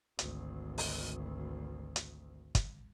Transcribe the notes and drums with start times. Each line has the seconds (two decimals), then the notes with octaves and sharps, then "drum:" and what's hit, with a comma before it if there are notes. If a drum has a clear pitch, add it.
0.19 G#1 D2, drum: hi-hat
0.78 drum: open hi-hat
1.96 drum: hi-hat
2.55 drum: kick, hi-hat